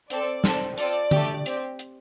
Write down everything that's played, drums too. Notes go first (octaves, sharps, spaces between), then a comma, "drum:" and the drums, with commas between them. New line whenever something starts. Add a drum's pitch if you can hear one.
C4 A4 D5, drum: hi-hat
C4 A4, drum: snare
C4 F4 A4 D5, drum: hi-hat
A3 D4 G4, drum: tom D3
C4 G4, drum: hi-hat
drum: hi-hat